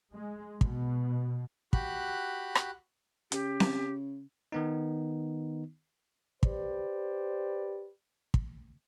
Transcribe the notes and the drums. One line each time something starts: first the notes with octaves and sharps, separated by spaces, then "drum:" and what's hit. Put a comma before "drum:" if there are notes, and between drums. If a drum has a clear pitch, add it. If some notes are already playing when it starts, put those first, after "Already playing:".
G#3
B2, drum: kick
F#4 G4 B5 F#6, drum: kick
drum: rim click
C#3 G4, drum: hi-hat
drum: snare C4
D#3 B3 D#4
G4 B4 C5 D5, drum: kick
drum: kick